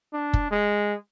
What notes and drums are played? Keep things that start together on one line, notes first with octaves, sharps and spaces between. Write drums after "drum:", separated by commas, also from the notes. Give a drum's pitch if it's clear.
D4
drum: kick
G#3